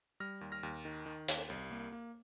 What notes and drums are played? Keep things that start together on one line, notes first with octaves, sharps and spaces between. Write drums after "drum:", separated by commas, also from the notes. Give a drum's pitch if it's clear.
G3 F6 A#6
D#2
F6 A#6
D#2
D#3
D#3
D#2, drum: hi-hat
C2
A#3
A#3